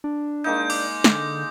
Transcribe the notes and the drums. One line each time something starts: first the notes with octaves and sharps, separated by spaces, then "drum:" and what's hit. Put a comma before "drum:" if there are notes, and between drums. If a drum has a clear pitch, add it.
D4
G#3 A#3 D#4 G6
D6, drum: cymbal
D3, drum: snare